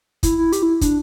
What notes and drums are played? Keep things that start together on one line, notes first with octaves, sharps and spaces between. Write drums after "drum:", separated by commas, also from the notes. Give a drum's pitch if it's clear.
E4, drum: kick, hi-hat
E4
G4, drum: hi-hat
E4
D4, drum: kick, hi-hat